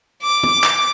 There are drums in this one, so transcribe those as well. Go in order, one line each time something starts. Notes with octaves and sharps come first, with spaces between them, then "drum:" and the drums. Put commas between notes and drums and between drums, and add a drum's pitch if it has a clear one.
D6
drum: tom
drum: clap